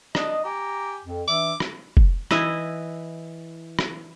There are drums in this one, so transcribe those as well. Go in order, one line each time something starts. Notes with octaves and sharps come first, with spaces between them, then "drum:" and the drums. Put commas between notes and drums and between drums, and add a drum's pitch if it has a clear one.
D4 D#5, drum: rim click
G4 G#5 A#5 D6
F2
E3 D4 E5 D6
drum: rim click
drum: kick
E3 E4 D#5, drum: rim click
drum: rim click